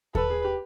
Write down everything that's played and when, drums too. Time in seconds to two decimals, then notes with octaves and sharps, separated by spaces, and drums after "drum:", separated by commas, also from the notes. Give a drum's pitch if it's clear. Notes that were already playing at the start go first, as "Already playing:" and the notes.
0.15 A4 B4, drum: kick D#2
0.30 G#4
0.44 G4